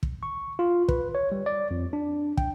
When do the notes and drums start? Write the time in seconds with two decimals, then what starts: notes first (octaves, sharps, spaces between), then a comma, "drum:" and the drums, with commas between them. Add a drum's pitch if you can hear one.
0.03 drum: kick
0.23 C#6
0.59 F4
0.89 B4, drum: kick
1.15 C#5
1.32 G3
1.46 D5
1.71 F2
1.93 D4
2.37 G5, drum: kick